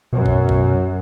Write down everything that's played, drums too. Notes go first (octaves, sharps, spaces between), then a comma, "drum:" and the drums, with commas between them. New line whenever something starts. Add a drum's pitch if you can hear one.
F#2 B2
drum: kick
drum: kick